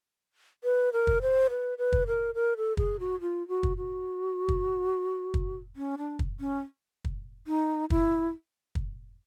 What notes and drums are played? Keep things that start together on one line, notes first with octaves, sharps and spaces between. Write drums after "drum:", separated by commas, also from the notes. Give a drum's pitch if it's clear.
B4
A#4
drum: kick
C5
B4
B4
drum: kick
A#4
A#4
A4
G#4, drum: kick
F#4
F4
F#4
drum: kick
F#4
drum: kick
drum: kick
C#4
D4
drum: kick
C#4
drum: kick
D#4
E4, drum: kick
drum: kick